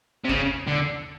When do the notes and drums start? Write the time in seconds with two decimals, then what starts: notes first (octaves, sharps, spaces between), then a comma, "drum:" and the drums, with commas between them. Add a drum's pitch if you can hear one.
0.24 C3
0.29 C#3, drum: kick G1
0.67 D3